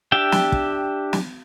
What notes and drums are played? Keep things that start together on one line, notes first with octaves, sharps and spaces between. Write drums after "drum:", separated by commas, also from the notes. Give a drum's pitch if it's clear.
D4 G4 E5 G5
drum: snare
drum: kick
drum: snare